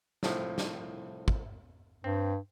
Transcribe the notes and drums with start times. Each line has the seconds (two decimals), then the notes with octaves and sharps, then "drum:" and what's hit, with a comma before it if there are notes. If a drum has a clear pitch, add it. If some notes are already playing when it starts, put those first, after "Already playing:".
0.23 C2 A2 F3, drum: snare
0.58 drum: snare
1.28 drum: kick
2.04 G2 C4